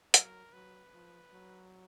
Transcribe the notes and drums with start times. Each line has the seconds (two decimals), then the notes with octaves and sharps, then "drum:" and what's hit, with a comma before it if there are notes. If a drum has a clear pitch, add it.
0.14 F#3 A#4, drum: hi-hat
0.53 F#3 B4
0.93 F3
1.33 F#3